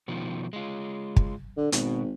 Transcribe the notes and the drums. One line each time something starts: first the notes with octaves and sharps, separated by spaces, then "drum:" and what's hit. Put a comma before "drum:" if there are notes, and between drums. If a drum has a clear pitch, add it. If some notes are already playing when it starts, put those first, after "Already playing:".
B2 D#3 F3
G#3 F4
drum: kick
D3
G#1 B2, drum: hi-hat